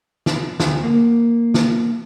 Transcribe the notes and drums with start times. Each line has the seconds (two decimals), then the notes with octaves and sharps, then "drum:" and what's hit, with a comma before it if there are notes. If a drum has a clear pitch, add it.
0.26 drum: snare
0.60 D2, drum: snare
0.83 A#3
1.54 drum: snare